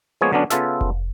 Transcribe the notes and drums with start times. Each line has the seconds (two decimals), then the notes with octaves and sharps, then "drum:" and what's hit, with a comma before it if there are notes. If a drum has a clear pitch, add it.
0.21 F3 G#3 A#3 B3 G#4 C#5
0.33 D3 F#3 B3 C#4 D4
0.50 C#3 B3 F4 A4 E5, drum: snare
0.81 drum: kick F1